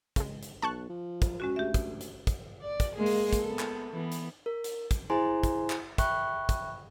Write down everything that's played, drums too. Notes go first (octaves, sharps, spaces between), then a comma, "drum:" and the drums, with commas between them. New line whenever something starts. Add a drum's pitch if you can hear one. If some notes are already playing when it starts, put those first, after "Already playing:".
C#3 G#3, drum: kick, hi-hat
drum: hi-hat
B1 A5 C#6 F#6
F3
drum: kick, hi-hat
G#3 C#4 F#4
D2 G4 E5
drum: kick, hi-hat
drum: hi-hat
drum: kick, hi-hat
D5
drum: kick, hi-hat
G#3 A#3 G#4
drum: open hi-hat
drum: kick, hi-hat
B3 A4
drum: clap
E3 B3
drum: hi-hat
A#4
drum: hi-hat
drum: kick, hi-hat
E4 G#4 C5 G#5 A#5 C6
drum: kick, hi-hat
drum: clap
E5 G5 B5 C#6 F#6, drum: kick, hi-hat
drum: kick, hi-hat